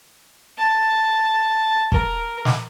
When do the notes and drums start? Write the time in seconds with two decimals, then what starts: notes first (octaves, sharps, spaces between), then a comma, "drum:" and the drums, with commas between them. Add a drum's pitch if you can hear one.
0.58 A5
1.92 A#4, drum: kick
2.45 drum: snare